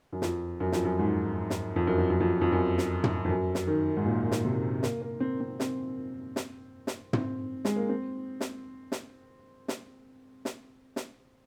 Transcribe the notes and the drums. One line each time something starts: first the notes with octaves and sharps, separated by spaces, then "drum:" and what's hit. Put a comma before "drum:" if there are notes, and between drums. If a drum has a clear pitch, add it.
F#2
F2, drum: snare
F#2
F2, drum: snare
F#2
G#2
drum: snare
F2
F#2
F2
F#2
F2
F2
F#2
drum: snare
drum: tom
F2
F#2
drum: snare
D#3
G#2
A#2
drum: snare
C3
A#3, drum: snare
A#3
C4
C4
C4, drum: snare
drum: snare
drum: snare
C4, drum: tom
G#3, drum: snare
A#3
C4
drum: snare
drum: snare
drum: snare
drum: snare
drum: snare